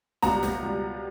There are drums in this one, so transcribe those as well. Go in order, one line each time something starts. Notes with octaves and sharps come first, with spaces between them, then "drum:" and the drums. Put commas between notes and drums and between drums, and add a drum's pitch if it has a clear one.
C#2 B2 G3 F#5 A#5, drum: snare
drum: snare
C#2 B2 G3